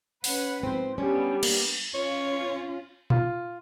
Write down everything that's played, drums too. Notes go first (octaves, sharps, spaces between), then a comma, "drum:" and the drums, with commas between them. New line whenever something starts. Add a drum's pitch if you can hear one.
C#4 B4 F#5, drum: open hi-hat
G#2 F3 C4 C5
G3 B3 C#4 D4
A#3, drum: cymbal
C#4 F4 C#5
F4, drum: tom A#2